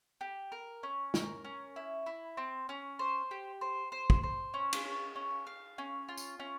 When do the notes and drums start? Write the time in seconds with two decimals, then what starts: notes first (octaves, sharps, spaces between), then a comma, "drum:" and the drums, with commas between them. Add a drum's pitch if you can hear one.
0.21 G4
0.52 A#4
0.83 C#4
1.14 A#4, drum: snare
1.45 C#4
1.76 E4
2.06 E4
2.37 C4
2.69 C#4
2.99 C5
3.31 G4
3.61 C5
3.92 C5
4.10 drum: kick
4.23 C5
4.54 C#4
4.73 drum: cymbal
4.85 C#4
5.16 C#4
5.47 F5
5.78 C#4
6.08 F4
6.17 drum: tambourine
6.39 C#4